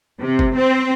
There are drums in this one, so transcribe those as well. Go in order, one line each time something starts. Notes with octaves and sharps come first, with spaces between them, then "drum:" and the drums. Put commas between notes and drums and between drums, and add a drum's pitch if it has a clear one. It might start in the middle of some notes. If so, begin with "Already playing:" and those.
C3
drum: kick
C4